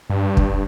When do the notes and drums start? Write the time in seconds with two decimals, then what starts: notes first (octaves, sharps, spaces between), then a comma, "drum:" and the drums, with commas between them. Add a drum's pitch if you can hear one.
0.10 G2
0.37 drum: kick